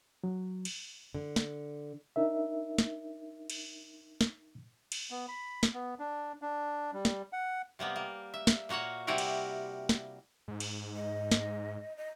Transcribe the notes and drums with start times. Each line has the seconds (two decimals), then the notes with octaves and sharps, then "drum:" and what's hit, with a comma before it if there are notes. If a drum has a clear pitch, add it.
0.24 F#3
0.65 drum: cymbal
1.14 D3
1.36 drum: snare
2.16 D4 D#4 A#4 E5
2.78 drum: snare
3.50 drum: cymbal
4.21 drum: snare
4.92 drum: cymbal
5.11 B3
5.28 B5
5.63 drum: snare
5.74 B3
5.99 D4
6.42 D4
6.93 G3
7.05 drum: snare
7.33 F#5
7.79 C3 G3 A#3 B3
7.96 A#3
8.34 E5
8.47 drum: snare
8.69 A#2 A#3 F#4 C#5 F#5
9.07 C3 G3 A#3 E4 F#4 A#4
9.18 drum: cymbal
9.89 drum: snare
10.48 G#2
10.60 drum: cymbal
10.96 D#5
11.31 drum: snare
11.97 D#5